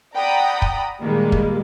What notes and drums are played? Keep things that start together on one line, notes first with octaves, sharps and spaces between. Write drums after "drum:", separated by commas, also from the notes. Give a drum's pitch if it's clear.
D5 F#5 G5 A#5 B5 D#6
drum: kick
A#2 D#3 G3 G#3 A#3
drum: kick